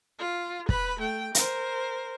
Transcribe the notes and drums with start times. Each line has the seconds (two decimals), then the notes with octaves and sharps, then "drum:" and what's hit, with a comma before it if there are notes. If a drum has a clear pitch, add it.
0.19 F4
0.69 B4 B5, drum: kick
1.00 A3 G5
1.35 A#4 C5, drum: hi-hat